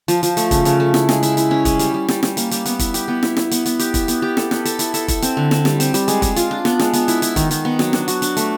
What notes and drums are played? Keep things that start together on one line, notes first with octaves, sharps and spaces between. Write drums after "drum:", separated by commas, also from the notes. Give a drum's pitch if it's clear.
F3, drum: hi-hat
F3, drum: hi-hat
A3, drum: hi-hat
C#3, drum: kick, hi-hat
C#3, drum: hi-hat
A3
E4, drum: snare
G#3, drum: snare
E4, drum: hi-hat
E4, drum: hi-hat
C#4
G#3, drum: kick, hi-hat
G3, drum: hi-hat
G3
G3, drum: snare
G3, drum: snare
A#3, drum: hi-hat
G3, drum: hi-hat
B3, drum: hi-hat
E4, drum: kick, hi-hat
G4, drum: hi-hat
B3
E4, drum: snare
E4, drum: snare
B3, drum: hi-hat
B3, drum: hi-hat
G4, drum: hi-hat
E4, drum: kick, hi-hat
B3, drum: hi-hat
G4
A4, drum: snare
B3, drum: snare
A4, drum: hi-hat
E4, drum: hi-hat
A4, drum: hi-hat
E4, drum: kick, hi-hat
C4, drum: hi-hat
D3
C4, drum: snare
G3, drum: snare
C4, drum: hi-hat
G3, drum: hi-hat
G#3, drum: hi-hat
G#3, drum: kick, hi-hat
F4, drum: hi-hat
D4
B3, drum: snare
G#3, drum: snare
B3, drum: hi-hat
E4, drum: hi-hat
E4, drum: hi-hat
D#3, drum: kick, hi-hat
D#3, drum: hi-hat
B3
F#3, drum: snare
D4, drum: snare
F#4, drum: hi-hat
D4, drum: hi-hat
A3, drum: hi-hat